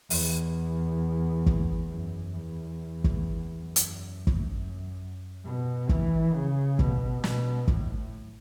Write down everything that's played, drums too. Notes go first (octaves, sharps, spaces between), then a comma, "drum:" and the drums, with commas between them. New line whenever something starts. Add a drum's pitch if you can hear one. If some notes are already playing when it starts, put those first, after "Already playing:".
E2, drum: open hi-hat
drum: kick
F#2
E2
drum: kick
F#2
drum: hi-hat
drum: kick
B2
E3, drum: kick
C#3
B2, drum: kick
B2, drum: snare
A2, drum: kick